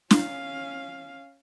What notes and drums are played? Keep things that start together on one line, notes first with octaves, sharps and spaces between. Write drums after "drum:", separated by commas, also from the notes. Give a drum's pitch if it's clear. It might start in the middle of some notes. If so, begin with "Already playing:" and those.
C#4 F5, drum: snare